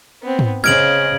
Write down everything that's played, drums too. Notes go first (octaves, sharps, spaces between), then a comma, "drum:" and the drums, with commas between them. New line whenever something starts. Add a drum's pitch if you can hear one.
B3 C4
drum: tom G#2
C#3 C5 D#5 F6 G#6 D7 F#7